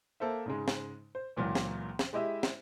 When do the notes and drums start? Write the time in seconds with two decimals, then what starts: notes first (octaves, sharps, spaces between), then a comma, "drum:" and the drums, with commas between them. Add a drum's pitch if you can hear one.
0.20 A#3 A4 C5 E5
0.46 G#2 C#3 G#3
0.68 drum: snare
1.15 C5
1.36 C#2 A#2 E3 F#3 A#3
1.55 drum: snare
1.99 drum: snare
2.13 G#3 E4 G4 D#5 E5
2.43 drum: snare